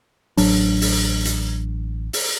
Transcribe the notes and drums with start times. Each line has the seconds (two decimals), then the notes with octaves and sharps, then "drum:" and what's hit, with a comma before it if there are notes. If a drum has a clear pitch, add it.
0.37 A1 F#3 D4, drum: open hi-hat
0.81 drum: open hi-hat
1.25 drum: hi-hat
2.13 drum: open hi-hat